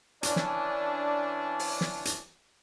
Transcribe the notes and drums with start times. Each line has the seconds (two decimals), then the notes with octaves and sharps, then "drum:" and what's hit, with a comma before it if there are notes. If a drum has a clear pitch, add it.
0.23 E3 C#4 D4, drum: hi-hat
0.36 drum: snare
1.59 drum: open hi-hat
1.81 drum: snare
2.05 drum: hi-hat